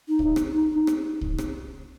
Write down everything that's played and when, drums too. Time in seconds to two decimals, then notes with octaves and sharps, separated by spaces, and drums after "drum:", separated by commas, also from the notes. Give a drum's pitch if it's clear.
0.09 D#4
0.19 drum: kick C2
0.36 drum: rim click
0.54 D#4
0.87 drum: rim click
1.21 drum: kick C2
1.38 drum: rim click